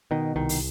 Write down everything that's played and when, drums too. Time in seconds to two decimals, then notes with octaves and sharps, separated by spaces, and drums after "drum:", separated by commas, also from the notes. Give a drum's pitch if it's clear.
0.11 B2 D#3
0.36 C2 D#3
0.49 drum: open hi-hat